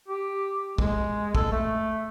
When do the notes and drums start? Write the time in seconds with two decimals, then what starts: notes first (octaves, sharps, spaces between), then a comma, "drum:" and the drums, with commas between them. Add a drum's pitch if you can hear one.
0.08 G4
0.78 G#3, drum: kick
1.35 A4, drum: kick
1.52 A3